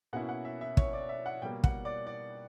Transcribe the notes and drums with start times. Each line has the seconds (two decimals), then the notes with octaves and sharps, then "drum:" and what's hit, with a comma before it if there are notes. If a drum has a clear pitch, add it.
0.13 B2 A#3 C#4 E4 F#5
0.29 F#5
0.45 E5
0.61 E5
0.77 C#5, drum: kick
0.93 D5
1.09 E5
1.26 F#5
1.42 B2 G3 A#3 G5
1.64 F#5, drum: kick
1.85 D5
2.07 D5